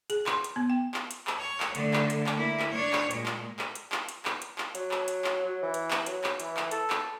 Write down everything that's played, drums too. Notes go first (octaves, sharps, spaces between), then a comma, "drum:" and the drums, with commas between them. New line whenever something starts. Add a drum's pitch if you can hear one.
G#4, drum: hi-hat
C6, drum: clap
drum: hi-hat
B3
G5
drum: clap
drum: hi-hat
drum: clap
C#5
drum: clap
D3 A3, drum: hi-hat
drum: clap
drum: hi-hat
drum: clap
A#3 E4
drum: clap
D4 C#5
drum: clap
A#2 G#3, drum: hi-hat
drum: clap
drum: clap
drum: hi-hat
drum: clap
drum: hi-hat
drum: clap
drum: hi-hat
drum: clap
F#3, drum: hi-hat
drum: clap
drum: hi-hat
drum: clap
F#3
E3
drum: hi-hat
drum: clap
F#3, drum: hi-hat
drum: clap
E3, drum: hi-hat
drum: clap
A4, drum: hi-hat
drum: clap